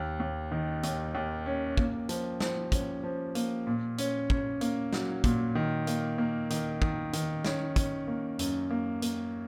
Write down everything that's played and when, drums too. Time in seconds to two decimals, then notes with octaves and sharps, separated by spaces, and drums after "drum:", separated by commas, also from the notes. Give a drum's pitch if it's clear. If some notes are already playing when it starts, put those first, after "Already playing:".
Already playing: D#2
0.20 D#2
0.52 D#3
0.83 D#2, drum: hi-hat
1.15 D#2
1.46 C#4
1.77 A#3, drum: kick
2.09 F3, drum: hi-hat
2.40 F3, drum: snare
2.72 C#4, drum: kick, hi-hat
3.03 F3
3.35 A#3, drum: hi-hat
3.67 A#2
3.98 C#4, drum: hi-hat
4.30 C#4, drum: kick
4.61 A#3, drum: hi-hat
4.93 F#3, drum: snare
5.24 A#2, drum: kick, hi-hat
5.55 D#3
5.87 A#3, drum: hi-hat
6.18 A#3
6.50 D#3, drum: hi-hat
6.82 D#3, drum: kick
7.13 D#3, drum: hi-hat
7.45 C#4, drum: snare
7.76 C#4, drum: kick, hi-hat
8.07 A#3
8.39 F#2, drum: hi-hat
8.70 A#3
9.02 A#3, drum: hi-hat